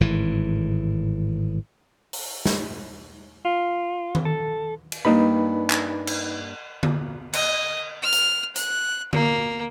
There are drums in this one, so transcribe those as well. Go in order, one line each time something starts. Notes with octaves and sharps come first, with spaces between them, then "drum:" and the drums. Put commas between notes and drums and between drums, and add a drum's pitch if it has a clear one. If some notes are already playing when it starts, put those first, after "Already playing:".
G#1 A2 E3
drum: open hi-hat
drum: snare
F4
drum: tom D#3
A4
drum: cymbal
G2 A#3 D4 D#4 B4 B5
drum: clap
drum: cymbal
drum: tom D3
D#5, drum: cymbal
F6
drum: hi-hat
F#6, drum: hi-hat
A#3, drum: tom D3